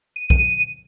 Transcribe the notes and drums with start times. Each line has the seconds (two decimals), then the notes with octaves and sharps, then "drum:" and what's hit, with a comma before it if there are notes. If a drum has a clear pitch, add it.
0.16 D#7
0.30 drum: kick B1